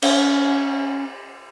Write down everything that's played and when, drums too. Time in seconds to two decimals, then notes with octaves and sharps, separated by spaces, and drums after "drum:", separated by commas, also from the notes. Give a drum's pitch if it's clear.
0.02 C#4, drum: cymbal